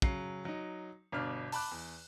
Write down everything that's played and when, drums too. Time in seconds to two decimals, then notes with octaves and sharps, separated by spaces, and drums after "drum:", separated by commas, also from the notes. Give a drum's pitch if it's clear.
0.02 C#3 F#3 C7, drum: kick
0.45 F#3 D#4
1.12 G1 B2 D4 F6
1.52 A5 B5 D6 F#6, drum: open hi-hat
1.72 E2